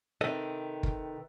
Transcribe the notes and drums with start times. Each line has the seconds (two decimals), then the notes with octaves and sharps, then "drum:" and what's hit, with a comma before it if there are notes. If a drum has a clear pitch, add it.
0.21 C3 D#3 A4 B4 D#5
0.83 drum: kick